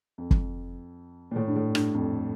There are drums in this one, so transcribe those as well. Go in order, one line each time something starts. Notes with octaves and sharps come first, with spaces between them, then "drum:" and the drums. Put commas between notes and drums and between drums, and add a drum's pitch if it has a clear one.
F2
drum: kick
A#2
A2
G2
A2
G2, drum: rim click
F2